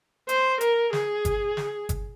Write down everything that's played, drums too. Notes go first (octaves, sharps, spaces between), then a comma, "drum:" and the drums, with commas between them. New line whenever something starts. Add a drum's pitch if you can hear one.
C5, drum: hi-hat
A#4, drum: hi-hat
G#4, drum: snare
drum: kick G1, hi-hat
drum: snare
drum: kick G1, hi-hat